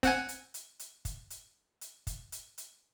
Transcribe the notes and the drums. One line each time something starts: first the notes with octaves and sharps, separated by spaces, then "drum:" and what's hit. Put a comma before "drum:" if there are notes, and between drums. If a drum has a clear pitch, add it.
C4 F#5 G#5, drum: kick, hi-hat
drum: hi-hat
drum: hi-hat
drum: hi-hat
drum: kick, hi-hat
drum: hi-hat
drum: hi-hat
drum: kick, hi-hat
drum: hi-hat
drum: hi-hat